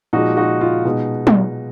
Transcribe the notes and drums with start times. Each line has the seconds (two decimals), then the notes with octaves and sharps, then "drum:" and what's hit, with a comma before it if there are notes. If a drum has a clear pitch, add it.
0.13 A#2 F3 G#3 D#4 F#4
0.37 D#4 F#4
0.61 F4
0.85 B2 G#3 D#4
1.27 drum: tom